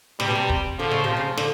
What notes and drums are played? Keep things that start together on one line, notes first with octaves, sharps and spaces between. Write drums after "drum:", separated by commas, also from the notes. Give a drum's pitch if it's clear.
C3 G3, drum: snare
B2
C3
drum: kick
D3 F3
C#3
C3 F3
C#3
D3, drum: snare